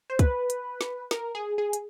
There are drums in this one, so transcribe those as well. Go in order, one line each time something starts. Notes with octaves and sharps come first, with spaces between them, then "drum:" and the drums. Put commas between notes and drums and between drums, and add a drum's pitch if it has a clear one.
C5
B4, drum: kick, hi-hat
drum: hi-hat
drum: snare
A#4, drum: snare
G#4
G#4
drum: hi-hat